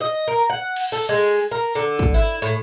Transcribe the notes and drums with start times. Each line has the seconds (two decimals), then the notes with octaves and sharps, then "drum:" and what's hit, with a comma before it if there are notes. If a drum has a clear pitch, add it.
0.01 D#5
0.28 A#4
0.40 drum: hi-hat
0.50 F#5
0.76 drum: cymbal
0.92 A4
1.09 G#3
1.51 A#4
1.75 D3
1.99 drum: kick
2.14 E4
2.25 drum: hi-hat
2.42 A2